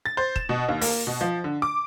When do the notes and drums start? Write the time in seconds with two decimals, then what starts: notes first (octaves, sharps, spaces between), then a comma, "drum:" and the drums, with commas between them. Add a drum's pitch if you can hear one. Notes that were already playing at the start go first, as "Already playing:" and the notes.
0.06 A6
0.17 C5
0.36 E7, drum: kick
0.49 B2
0.69 D#2
0.81 A#3, drum: open hi-hat
1.07 B2
1.21 F3
1.44 D3
1.62 D6